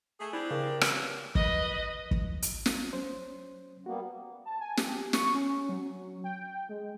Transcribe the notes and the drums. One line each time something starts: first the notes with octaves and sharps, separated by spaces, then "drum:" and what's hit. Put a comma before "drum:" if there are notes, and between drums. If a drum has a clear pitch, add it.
A3 G#4
C4 D4 E4 G4
C#3 A#4
C3 C#4 B4, drum: rim click
B4 D#5, drum: kick
drum: kick
drum: hi-hat
drum: snare
F#3 C#4 C5
G3 A#3 B3 F#4
A5
G#5
G4, drum: snare
C#6, drum: snare
C#4
F#3
G5
G#3